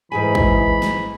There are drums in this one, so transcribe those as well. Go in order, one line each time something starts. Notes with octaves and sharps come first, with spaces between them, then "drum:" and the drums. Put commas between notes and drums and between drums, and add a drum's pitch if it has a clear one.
G#2 E3 G#4 G#5 B5
drum: kick
drum: snare